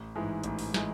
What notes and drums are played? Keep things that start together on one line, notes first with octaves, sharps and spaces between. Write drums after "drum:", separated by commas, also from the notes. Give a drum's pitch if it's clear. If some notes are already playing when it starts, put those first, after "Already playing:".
Already playing: A1
G#2 E3 G#3
A1, drum: hi-hat
drum: open hi-hat
E3 G#3, drum: snare